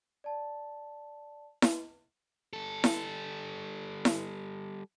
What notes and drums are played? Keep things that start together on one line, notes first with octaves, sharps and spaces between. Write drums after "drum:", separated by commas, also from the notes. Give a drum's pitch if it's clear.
D5 A5
drum: snare E4
G3 A4
drum: snare E4
drum: snare E4